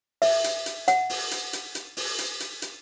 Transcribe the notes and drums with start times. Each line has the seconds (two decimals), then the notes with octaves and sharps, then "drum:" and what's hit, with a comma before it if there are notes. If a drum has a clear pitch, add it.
0.22 E5, drum: open hi-hat
0.44 drum: hi-hat
0.66 drum: hi-hat
0.88 F#5, drum: hi-hat
1.10 drum: open hi-hat
1.31 drum: hi-hat
1.53 drum: hi-hat
1.75 drum: hi-hat
1.97 drum: open hi-hat
2.18 drum: hi-hat
2.40 drum: hi-hat
2.62 drum: hi-hat